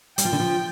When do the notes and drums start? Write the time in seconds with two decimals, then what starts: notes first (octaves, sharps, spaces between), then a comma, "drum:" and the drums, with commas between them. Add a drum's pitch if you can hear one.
0.18 G3 G5, drum: hi-hat
0.25 F3
0.32 D3
0.40 F3